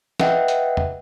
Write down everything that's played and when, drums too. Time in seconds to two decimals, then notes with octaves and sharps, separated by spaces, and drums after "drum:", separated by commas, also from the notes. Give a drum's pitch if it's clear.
0.20 B4 D#5 E5 F#5 G5, drum: snare
0.48 drum: hi-hat
0.77 drum: tom